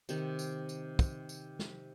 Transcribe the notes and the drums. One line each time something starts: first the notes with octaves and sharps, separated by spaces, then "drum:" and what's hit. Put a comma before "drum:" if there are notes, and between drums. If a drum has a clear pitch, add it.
C3 D#3, drum: tambourine
drum: tambourine
drum: tambourine
drum: kick, tambourine
drum: tambourine
drum: snare